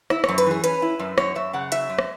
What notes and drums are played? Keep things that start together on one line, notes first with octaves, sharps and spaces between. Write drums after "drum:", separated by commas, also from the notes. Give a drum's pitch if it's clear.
E4 E5, drum: rim click
F#2 C#5, drum: rim click
B4, drum: hi-hat
E3 G#4
C#4 B4, drum: hi-hat
E4
F#2
F#2 C#5, drum: rim click
F#2 E5
C#3 F#5
F#3 E5, drum: hi-hat
F#2
drum: rim click